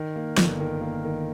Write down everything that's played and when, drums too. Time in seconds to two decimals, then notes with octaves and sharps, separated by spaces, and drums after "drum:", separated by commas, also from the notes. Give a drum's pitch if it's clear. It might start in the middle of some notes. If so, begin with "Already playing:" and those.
Already playing: D#3
0.16 A#3
0.38 G1, drum: snare
0.60 D#3
0.81 A#3
1.05 D#3